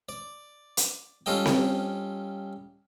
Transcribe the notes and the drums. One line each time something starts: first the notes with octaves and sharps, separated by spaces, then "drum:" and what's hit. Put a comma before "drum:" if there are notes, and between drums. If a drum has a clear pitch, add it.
D5
drum: hi-hat
G3 C#4 F4 A4 D#5 G5
drum: snare C4